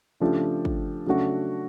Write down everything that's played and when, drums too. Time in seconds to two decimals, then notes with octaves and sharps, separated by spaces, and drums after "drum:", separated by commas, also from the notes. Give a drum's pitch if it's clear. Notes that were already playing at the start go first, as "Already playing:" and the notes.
0.20 C#3 F3 A3 D4 G4
0.65 drum: kick
1.06 C#3 F#3 A3 D4 F#4